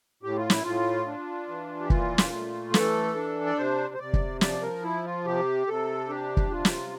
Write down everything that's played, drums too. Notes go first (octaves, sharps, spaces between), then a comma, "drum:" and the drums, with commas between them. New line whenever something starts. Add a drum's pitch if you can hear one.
A2 G4
F4
E4, drum: snare
A2 F4
D4
E3
G4
A#2 F4, drum: kick
drum: snare
A3
E3 A4, drum: snare
D4
D5
C3 C5
C5
C3 D5
drum: kick
F3 D5, drum: snare
A#4
E4
F4
C3 G4
C3 A4
D4 G4
drum: kick
C3 F4
drum: snare